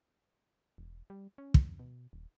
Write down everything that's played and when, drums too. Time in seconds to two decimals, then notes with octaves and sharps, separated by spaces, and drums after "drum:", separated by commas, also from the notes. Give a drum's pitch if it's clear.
0.78 E1
1.10 G3
1.38 C#4
1.54 F2, drum: kick
1.79 B2
2.13 D#1